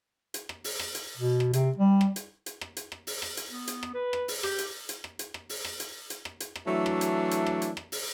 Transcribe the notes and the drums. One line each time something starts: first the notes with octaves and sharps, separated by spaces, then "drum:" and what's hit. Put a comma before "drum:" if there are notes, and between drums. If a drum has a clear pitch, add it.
drum: hi-hat
drum: rim click
drum: open hi-hat
drum: rim click
drum: hi-hat
B2
drum: rim click
C3, drum: hi-hat
G3
drum: rim click
drum: hi-hat
drum: hi-hat
drum: rim click
drum: hi-hat
drum: rim click
drum: open hi-hat
drum: rim click
drum: hi-hat
B3
drum: hi-hat
drum: rim click
B4
drum: rim click
drum: open hi-hat
G4, drum: rim click
drum: hi-hat
drum: hi-hat
drum: rim click
drum: hi-hat
drum: rim click
drum: open hi-hat
drum: rim click
drum: hi-hat
drum: hi-hat
drum: rim click
drum: hi-hat
drum: rim click
E3 F#3 A3 D4
drum: rim click
drum: hi-hat
drum: hi-hat
drum: rim click
drum: hi-hat
drum: rim click
drum: open hi-hat